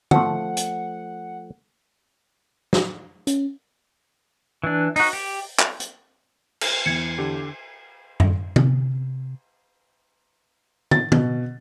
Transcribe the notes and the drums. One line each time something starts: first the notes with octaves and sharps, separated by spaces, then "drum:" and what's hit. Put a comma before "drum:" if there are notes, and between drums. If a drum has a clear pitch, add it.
F3 A3 F#5, drum: tom
drum: hi-hat
drum: snare
C#4, drum: hi-hat
E3 D4
D#4 F#4, drum: open hi-hat
G4
drum: clap
drum: hi-hat
drum: cymbal
E2 E3 G#6 C#7
D3 G4
drum: tom F#2
C3, drum: tom
A6, drum: tom
B2, drum: tom